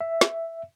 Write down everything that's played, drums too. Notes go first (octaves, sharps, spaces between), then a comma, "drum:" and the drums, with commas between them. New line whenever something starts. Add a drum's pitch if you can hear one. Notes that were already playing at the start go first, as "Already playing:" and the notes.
E5
drum: snare